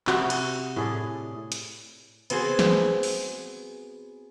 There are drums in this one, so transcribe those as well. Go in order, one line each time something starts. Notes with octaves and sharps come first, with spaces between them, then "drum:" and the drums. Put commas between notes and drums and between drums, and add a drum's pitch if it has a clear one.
C3 F#4, drum: clap
drum: cymbal
A2 G#4 D5
drum: hi-hat
B3 C4 F#4 G#4 C5, drum: cymbal
drum: snare
drum: open hi-hat